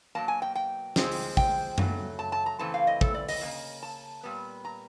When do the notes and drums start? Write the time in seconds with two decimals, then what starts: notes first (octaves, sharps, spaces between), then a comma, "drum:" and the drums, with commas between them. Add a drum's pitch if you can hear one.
0.15 B2 F#3 A#3 A5
0.28 G#5
0.42 G5
0.55 G5
0.96 C3 F3 G#3 C4, drum: snare
1.12 drum: open hi-hat
1.37 G5, drum: kick
1.78 C#3 F#3 A3, drum: tom F#2
2.19 A5
2.32 A5
2.46 A#5
2.59 C#3 E3 A3 C4 A5
2.74 F5
2.87 D#5
3.01 A4, drum: kick
3.14 D5
3.29 D#5, drum: open hi-hat
3.41 C#3 F3 A#3
3.83 A5
4.23 A#2 G3 B3
4.65 A#5